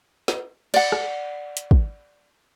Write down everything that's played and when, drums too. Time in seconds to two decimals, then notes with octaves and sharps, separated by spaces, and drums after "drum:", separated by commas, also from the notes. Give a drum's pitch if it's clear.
0.28 drum: snare
0.74 D5 F#5, drum: cymbal
0.92 drum: rim click
1.57 drum: hi-hat
1.71 drum: kick